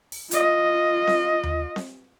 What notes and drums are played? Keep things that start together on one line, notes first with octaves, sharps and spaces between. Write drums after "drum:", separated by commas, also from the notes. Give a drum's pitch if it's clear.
drum: open hi-hat
F4 D#5, drum: hi-hat
drum: snare C4
drum: tom D#2
drum: snare C4